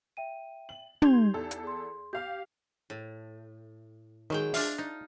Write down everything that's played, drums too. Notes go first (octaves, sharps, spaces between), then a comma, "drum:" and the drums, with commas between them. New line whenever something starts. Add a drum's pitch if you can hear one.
E5 G5 D#7
F#7
D#4 G4 C6 G6 G#6 F7, drum: tom
E2 A4
drum: hi-hat
G#4 C6
G4 F5 F6 G6
A2
D#3 F#3 G#3 G5
D4 F4 E5 F5, drum: open hi-hat
D#4